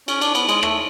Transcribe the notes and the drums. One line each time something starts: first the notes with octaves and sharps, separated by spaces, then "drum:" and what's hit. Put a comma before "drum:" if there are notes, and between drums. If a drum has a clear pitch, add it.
C#4, drum: cymbal
D4, drum: cymbal
B3, drum: cymbal
G#3, drum: cymbal
A3, drum: rim click